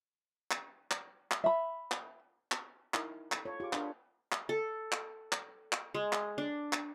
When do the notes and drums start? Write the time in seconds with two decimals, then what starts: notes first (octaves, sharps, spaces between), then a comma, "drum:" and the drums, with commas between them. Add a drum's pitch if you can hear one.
0.51 drum: clap
0.91 drum: clap
1.31 drum: clap
1.44 E5 B5
1.91 drum: clap
2.52 drum: clap
2.94 D#4 E4 A#4, drum: clap
3.32 A4 B5, drum: clap
3.46 F4 A4 C#5
3.60 F4 G4 G#4 D6
3.73 D4 A#4 B5 C6, drum: clap
4.32 drum: clap
4.49 A4
4.92 drum: clap
5.32 drum: clap
5.72 drum: clap
5.95 G#3
6.13 drum: clap
6.38 D4
6.73 drum: clap